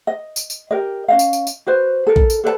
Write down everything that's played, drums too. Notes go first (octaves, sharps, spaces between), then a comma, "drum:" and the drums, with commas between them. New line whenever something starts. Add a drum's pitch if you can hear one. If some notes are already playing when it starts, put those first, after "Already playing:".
D#5
drum: tambourine
drum: tambourine
G4 A#4 D#5
C#4 D#5 F5
drum: tambourine
drum: tambourine
drum: tambourine
F#4 B4 C5
A4 A#4
drum: kick A#1
drum: tambourine
A4 B4 C5 A5